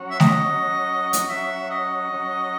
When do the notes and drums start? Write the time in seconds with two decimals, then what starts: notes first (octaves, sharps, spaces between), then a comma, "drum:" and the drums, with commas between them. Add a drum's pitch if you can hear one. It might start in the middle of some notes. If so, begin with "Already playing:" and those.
Already playing: F#3 C#4 F#4 C#5
0.11 E5
0.20 D#5, drum: snare A3
0.48 F#3 C#4 F#4 C#5
1.13 drum: hi-hat
1.29 F#3 C#4 F#4 C#5 E5
1.70 D#5
2.11 F#3 C#4 F#4 C#5